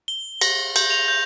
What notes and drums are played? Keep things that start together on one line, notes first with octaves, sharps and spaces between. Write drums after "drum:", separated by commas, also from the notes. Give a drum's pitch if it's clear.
G7
A#6, drum: cymbal
G6, drum: cymbal
F7
G6